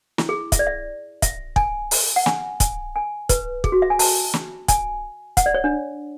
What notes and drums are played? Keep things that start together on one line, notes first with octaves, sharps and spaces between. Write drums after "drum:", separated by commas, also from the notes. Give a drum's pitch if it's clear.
E4, drum: snare
G#4
E5, drum: kick, hi-hat
D5
E5
E5, drum: kick, hi-hat
G#5, drum: kick
drum: open hi-hat
F#5
G#5, drum: snare
G#5, drum: kick, hi-hat
G#5
B4, drum: kick, hi-hat
G#4, drum: kick
F#4
E5
G#5
A5, drum: open hi-hat
drum: snare
G#5, drum: kick, hi-hat
F#5, drum: kick, hi-hat
D5
C#5
D4